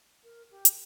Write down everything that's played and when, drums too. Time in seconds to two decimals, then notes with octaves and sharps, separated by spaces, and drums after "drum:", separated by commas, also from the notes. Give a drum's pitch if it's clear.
0.24 A#4
0.51 G4
0.65 drum: hi-hat